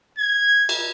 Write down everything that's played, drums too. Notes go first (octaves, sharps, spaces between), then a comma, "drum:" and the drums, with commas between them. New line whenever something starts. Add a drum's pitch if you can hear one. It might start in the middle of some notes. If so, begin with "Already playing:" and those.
G#6
drum: cymbal